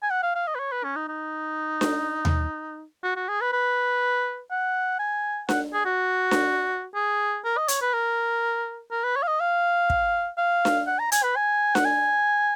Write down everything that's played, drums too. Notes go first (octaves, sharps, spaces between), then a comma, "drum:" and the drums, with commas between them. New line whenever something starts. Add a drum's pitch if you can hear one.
G#5
F#5
F5
F5
D#5
B4
C#5
B4
C#4
D#4
D#4
drum: snare D4
drum: tom D#2
F#4
F#4
G#4
B4
B4
F#5
G#5
F#5, drum: snare D4
G#4
F#4
drum: snare D4
G#4
A#4
D#5
C#5, drum: hi-hat
B4
A#4
A#4
B4
C#5
F5
D#5
F5
drum: kick
F5
drum: snare D4
F#5
A#5
G#5, drum: hi-hat
B4
G#5
F#5, drum: snare D4
G#5